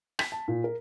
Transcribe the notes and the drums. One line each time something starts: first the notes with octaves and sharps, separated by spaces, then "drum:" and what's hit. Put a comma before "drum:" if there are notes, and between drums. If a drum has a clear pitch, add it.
B6, drum: rim click
A5
A#2
A#4